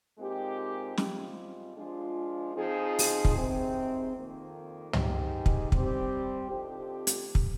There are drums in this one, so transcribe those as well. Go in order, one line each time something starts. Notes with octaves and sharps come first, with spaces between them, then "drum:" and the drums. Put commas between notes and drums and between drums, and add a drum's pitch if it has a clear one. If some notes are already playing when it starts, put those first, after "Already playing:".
A#2 G#3 C4 D#4 G4
G#2 G3 C4 F4, drum: snare
F3 G#3 D4 F4
F3 C4 D#4 G#4
drum: open hi-hat
drum: kick
C3 D#3 G#3 C4
F2 D#3 A#3
G#2 D#3 G#3 D#4 G4, drum: tom
drum: kick
G3 C4 G4, drum: kick
D3 F3 C4 D#4 G4
drum: hi-hat
drum: kick